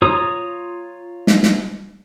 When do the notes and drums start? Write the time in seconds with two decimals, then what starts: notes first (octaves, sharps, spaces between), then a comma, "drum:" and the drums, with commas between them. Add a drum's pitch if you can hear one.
0.02 F4 C#5 A#5 D#6
1.27 drum: snare
1.43 drum: snare